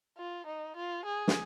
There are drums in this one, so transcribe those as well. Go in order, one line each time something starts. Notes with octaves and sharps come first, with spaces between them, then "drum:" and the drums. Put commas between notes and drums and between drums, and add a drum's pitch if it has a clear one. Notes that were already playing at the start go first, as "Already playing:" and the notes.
F4
D#4
F4
G#4
drum: snare